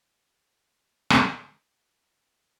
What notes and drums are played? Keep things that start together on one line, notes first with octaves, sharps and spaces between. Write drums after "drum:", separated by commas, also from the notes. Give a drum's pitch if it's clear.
G#6
D#6
drum: rim click
G5